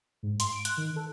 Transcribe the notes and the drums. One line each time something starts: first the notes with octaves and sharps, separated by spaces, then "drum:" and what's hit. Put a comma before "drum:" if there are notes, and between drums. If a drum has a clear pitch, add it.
G#2
C6, drum: hi-hat
D7
F#6, drum: hi-hat
D#3
A4